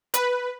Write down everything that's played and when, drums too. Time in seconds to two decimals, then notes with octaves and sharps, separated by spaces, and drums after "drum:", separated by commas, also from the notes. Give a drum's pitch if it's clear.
0.14 B4, drum: hi-hat